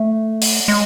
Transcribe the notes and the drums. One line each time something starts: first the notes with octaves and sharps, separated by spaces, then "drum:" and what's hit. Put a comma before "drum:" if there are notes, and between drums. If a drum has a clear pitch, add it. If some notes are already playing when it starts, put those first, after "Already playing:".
Already playing: A3
drum: open hi-hat
G#3